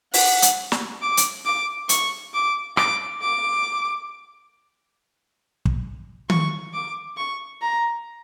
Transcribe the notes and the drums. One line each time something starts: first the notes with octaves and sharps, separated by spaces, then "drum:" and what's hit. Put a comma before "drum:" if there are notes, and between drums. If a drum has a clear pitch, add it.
F#5, drum: open hi-hat
drum: hi-hat
drum: snare
D6
drum: hi-hat
D6
C#6, drum: hi-hat
D6
D6, drum: rim click
D6
drum: kick
C#6, drum: tom D#3
D6
C#6
A#5